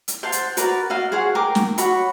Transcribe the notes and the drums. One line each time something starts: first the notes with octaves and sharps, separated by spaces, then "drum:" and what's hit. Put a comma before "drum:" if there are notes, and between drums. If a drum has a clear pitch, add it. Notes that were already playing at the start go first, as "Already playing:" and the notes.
drum: hi-hat
C5 F5 F#5 A5
drum: hi-hat
F#4 A#4 B4 D5, drum: hi-hat
F#4 D#5 F5
G#4 C5 C#5 F#5
A#4 G5 D6
drum: snare
F#4 C#5 B5, drum: hi-hat